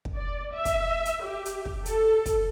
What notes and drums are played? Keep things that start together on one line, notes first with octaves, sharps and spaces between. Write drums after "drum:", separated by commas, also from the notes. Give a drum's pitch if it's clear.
drum: kick
D5
E5
drum: kick, hi-hat
drum: hi-hat
G4
drum: hi-hat
drum: kick
A4, drum: hi-hat
drum: kick, hi-hat